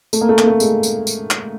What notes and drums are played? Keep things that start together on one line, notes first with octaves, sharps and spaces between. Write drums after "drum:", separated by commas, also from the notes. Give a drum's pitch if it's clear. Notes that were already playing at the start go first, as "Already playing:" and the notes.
A3, drum: tambourine
A#3
A3
A#3, drum: clap
A3
G#3, drum: tambourine
drum: tambourine
drum: tambourine
drum: clap